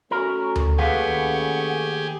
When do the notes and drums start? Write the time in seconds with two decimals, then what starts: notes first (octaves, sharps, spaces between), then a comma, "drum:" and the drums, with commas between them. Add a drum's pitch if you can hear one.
0.11 A3 C#4 F#4 A#4
0.56 drum: tom D2
0.78 D#2 G4 G#4 B4 F5 F#5